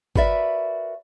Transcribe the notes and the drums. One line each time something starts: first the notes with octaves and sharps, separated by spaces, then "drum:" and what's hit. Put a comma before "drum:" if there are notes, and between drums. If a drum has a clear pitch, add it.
F#4 A#4 B4 D5 E5, drum: kick